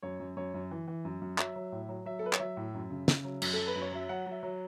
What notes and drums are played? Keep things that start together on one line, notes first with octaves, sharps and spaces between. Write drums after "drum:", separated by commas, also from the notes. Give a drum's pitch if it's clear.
F#2 C#5
F#2
F#2 C#5
F#2
E3
E3
F#2
F#2
F#3 E5, drum: clap
F#3
A2
F#3
F#3 E5
A4
F#3 B4
C#5, drum: clap
F#3 E5
A2
F#2
C#3
C#3, drum: snare
F#3
F#2, drum: cymbal
F#3 A4
B4
F#2
C#5
F#3 E5
F#3 F#5
F#3 E5
F#3